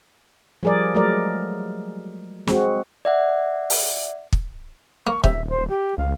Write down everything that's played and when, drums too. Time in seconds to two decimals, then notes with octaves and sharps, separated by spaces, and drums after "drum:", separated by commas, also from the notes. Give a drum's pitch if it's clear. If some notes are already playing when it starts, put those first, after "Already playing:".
0.63 F3 G3 G#4 A#4 D5
0.95 F#3 G#3 A3 A#4 D5
2.47 G#3 C4 F#4, drum: snare
3.05 D5 E5 F#5
3.70 drum: open hi-hat
4.33 drum: kick
5.07 A#3 C#6
5.24 D#1 C3 E5, drum: kick
5.49 C5
5.68 G4
5.98 C#2 F5